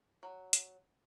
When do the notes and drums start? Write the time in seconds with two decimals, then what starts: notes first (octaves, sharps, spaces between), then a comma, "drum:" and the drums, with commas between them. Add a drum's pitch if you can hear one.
0.23 F#3
0.53 drum: hi-hat